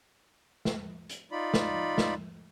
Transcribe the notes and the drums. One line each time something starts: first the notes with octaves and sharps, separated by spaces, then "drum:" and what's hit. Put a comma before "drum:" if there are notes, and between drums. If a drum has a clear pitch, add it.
drum: snare
drum: hi-hat
D#4 F4 D5 B5
drum: snare
drum: snare